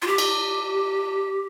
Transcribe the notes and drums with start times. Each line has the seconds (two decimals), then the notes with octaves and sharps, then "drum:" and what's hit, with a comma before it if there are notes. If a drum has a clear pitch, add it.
0.02 F4
0.07 G4
0.18 drum: cymbal